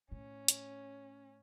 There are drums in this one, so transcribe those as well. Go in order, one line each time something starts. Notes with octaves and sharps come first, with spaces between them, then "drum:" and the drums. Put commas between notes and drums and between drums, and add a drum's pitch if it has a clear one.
A2 C#4
drum: hi-hat